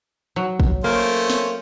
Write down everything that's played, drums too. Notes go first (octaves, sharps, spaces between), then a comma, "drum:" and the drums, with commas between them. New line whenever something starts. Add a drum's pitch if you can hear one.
F#3
drum: kick
A3 A#3 C#4 C5
drum: snare